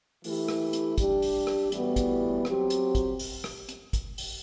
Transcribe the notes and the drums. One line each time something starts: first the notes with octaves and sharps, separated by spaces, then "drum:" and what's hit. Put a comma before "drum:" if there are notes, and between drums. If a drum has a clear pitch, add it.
E3 A3 E4 G4, drum: open hi-hat
drum: rim click
drum: hi-hat
G3 D4 G4, drum: kick, hi-hat
drum: open hi-hat
drum: rim click
A2 E3 G3 B3 F#4, drum: hi-hat
drum: kick, hi-hat
F#3 C4 G4, drum: rim click
drum: hi-hat
drum: kick, hi-hat
drum: open hi-hat
drum: rim click
drum: hi-hat
drum: kick, hi-hat
drum: open hi-hat